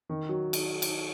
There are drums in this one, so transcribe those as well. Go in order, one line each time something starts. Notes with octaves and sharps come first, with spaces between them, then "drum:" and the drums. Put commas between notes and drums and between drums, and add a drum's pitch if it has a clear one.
D#3
F#3
drum: cymbal
drum: cymbal